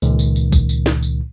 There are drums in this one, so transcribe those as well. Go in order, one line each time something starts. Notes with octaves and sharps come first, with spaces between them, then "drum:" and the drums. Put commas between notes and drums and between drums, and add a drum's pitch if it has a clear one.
C#2 A#2 D#3, drum: tambourine
drum: tambourine
drum: tambourine
drum: kick A1, tambourine
drum: tambourine
drum: snare
drum: tambourine